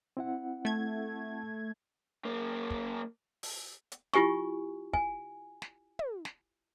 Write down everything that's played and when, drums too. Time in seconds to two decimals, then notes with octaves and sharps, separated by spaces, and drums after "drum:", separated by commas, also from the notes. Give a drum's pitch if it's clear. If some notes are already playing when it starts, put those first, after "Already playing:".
0.17 C4 E4 F#5
0.65 A3 G#6
2.25 F#2 A#3
2.71 drum: kick
3.43 drum: open hi-hat
3.92 drum: hi-hat
4.13 E4 F4 G4 G#5 C#6, drum: snare
4.94 G#5, drum: kick
5.62 drum: snare
5.99 drum: tom
6.25 drum: snare